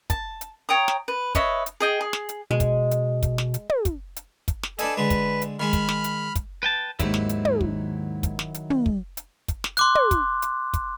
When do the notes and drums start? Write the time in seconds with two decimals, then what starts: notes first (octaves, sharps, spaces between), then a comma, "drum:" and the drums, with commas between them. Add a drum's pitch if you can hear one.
0.10 A5, drum: kick, hi-hat
0.41 drum: hi-hat
0.69 C#5 G5 A#5 D#6
0.88 drum: snare
1.08 B4
1.35 B4 C#5 D#5 E5, drum: kick, hi-hat
1.66 drum: hi-hat
1.80 G#4 D#5 G5
2.01 G#4
2.13 drum: snare
2.29 drum: hi-hat
2.51 B2 G#3
2.60 drum: kick, hi-hat
2.91 drum: hi-hat
3.23 drum: kick, hi-hat
3.38 drum: snare
3.54 drum: hi-hat
3.70 drum: tom
3.85 drum: kick, hi-hat
4.16 drum: hi-hat
4.48 drum: kick, hi-hat
4.63 drum: snare
4.79 D4 A4 B4 D#5 G#5 E6, drum: hi-hat
4.97 D3 G#3 B4
5.10 drum: kick, hi-hat
5.42 drum: hi-hat
5.60 D#3 G#3 B5 F6
5.73 drum: kick, hi-hat
5.89 drum: snare
6.04 drum: hi-hat
6.35 drum: kick, hi-hat
6.63 B4 G5 A5
7.00 D#2 G#2 D#3 F#3 E4, drum: kick, hi-hat
7.14 drum: snare
7.29 drum: hi-hat
7.45 drum: tom
7.61 drum: kick
8.23 drum: kick, hi-hat
8.39 drum: snare
8.54 drum: hi-hat
8.70 drum: tom
8.86 drum: kick
9.17 drum: hi-hat
9.48 drum: kick, hi-hat
9.64 drum: snare
9.77 C6 D6 F#6, drum: hi-hat
9.95 drum: tom
10.11 drum: kick, hi-hat
10.42 drum: hi-hat
10.74 drum: kick, hi-hat